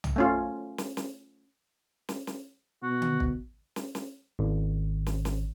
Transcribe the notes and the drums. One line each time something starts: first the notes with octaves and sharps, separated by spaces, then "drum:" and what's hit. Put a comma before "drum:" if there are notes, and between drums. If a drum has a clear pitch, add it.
drum: tom
A3 C#4 F4
drum: snare
drum: snare
drum: snare
drum: snare
B2 F#4
drum: tom D3
drum: kick
drum: snare
drum: snare
G#1
drum: snare
drum: snare